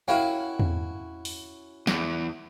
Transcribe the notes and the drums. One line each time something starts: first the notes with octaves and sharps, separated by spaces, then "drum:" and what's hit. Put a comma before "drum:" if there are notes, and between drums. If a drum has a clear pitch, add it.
C#4 E4 F#4 A#4 F5 G5
drum: tom E2
drum: open hi-hat
E2, drum: snare